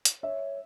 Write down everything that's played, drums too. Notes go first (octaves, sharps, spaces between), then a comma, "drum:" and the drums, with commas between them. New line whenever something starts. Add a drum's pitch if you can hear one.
drum: hi-hat
C#5 E5